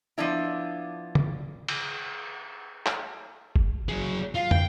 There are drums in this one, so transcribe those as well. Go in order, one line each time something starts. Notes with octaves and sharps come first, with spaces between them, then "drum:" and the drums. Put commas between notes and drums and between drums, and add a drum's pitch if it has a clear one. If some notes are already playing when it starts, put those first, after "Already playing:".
F3 B3 D4 E4
drum: tom
drum: cymbal
drum: clap
drum: kick F#1
F#3 G#4
F4 F5
G5, drum: tom